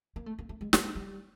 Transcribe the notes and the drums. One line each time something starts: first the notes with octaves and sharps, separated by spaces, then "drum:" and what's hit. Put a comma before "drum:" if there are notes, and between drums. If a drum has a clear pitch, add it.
A#3
A3
A#3
A3
G#3
A3, drum: snare
G#3
G3